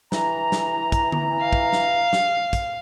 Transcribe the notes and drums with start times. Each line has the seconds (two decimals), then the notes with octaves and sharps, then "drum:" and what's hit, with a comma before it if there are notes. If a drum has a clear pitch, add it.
0.12 E3 A#5, drum: snare
0.52 drum: snare
0.92 drum: kick, hi-hat
1.12 drum: tom D3
1.40 F5
1.53 drum: kick
1.73 drum: snare
2.13 drum: snare
2.53 drum: kick, hi-hat